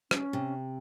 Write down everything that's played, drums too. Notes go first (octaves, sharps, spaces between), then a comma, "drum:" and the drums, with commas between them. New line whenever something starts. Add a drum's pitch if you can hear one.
C#4, drum: rim click
C3